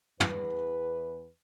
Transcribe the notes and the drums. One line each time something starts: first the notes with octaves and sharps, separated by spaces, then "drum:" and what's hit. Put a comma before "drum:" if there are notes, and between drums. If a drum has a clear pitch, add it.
E2 B4, drum: tom